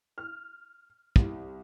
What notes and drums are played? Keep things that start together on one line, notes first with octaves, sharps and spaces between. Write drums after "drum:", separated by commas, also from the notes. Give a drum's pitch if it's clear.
F6
C2, drum: kick